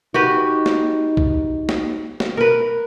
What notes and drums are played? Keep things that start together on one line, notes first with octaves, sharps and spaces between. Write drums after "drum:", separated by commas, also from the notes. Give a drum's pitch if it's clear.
D#4 F#4 G4 B4
drum: snare
drum: kick
drum: snare
drum: snare
A#4 B4